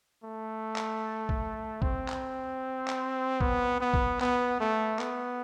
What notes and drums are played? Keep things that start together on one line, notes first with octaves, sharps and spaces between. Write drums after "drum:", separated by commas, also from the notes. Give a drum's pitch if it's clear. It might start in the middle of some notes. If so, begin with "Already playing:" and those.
A3
drum: clap
drum: kick A#1
C4, drum: kick A#1
drum: clap
drum: clap
B3, drum: kick A#1
B3
drum: kick A#1
B3, drum: clap
A3
B3, drum: clap